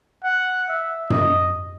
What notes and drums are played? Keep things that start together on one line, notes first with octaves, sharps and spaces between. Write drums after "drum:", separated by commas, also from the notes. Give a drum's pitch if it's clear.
F#5
E5
D#5, drum: tom F#2